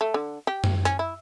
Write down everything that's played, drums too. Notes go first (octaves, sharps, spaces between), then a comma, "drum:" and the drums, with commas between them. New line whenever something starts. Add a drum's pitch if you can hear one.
A3
D3
G4
drum: tom F#2
C#4, drum: hi-hat
E4